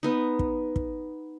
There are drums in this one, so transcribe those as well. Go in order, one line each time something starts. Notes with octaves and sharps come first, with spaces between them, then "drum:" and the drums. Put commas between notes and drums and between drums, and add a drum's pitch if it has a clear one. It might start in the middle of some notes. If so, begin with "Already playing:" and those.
B3 D#4
drum: kick
drum: kick